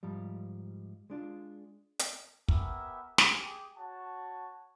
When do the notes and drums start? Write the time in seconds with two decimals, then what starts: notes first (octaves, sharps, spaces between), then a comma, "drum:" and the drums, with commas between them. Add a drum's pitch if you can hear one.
0.03 G#2 F3 G3
1.10 G#3 D4 F4
1.99 drum: hi-hat
2.48 B3 G4 A#4 E5 G#5, drum: kick
3.18 G4 G#4, drum: snare
3.77 F#4 C#5 A5